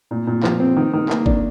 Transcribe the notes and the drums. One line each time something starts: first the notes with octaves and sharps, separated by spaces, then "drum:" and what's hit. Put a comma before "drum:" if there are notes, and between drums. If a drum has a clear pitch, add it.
A#2
A#2
F3, drum: clap
C4
D#3
D#3
A#3, drum: clap
D4, drum: kick G1